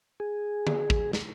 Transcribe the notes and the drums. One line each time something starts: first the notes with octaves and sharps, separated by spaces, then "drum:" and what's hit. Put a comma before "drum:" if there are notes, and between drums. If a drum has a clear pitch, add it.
G#4
drum: tom D3
drum: kick
drum: snare